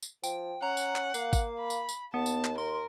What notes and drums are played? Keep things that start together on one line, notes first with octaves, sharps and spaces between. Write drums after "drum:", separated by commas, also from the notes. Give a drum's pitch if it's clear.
drum: tambourine
F3 G5, drum: tambourine
C#4 F#5 A#5
drum: tambourine
drum: clap
A#3 F5, drum: tambourine
drum: kick G#1, tambourine
B5
drum: tambourine
drum: tambourine
D#2 B3 A5
drum: tambourine
drum: clap
A#4 C6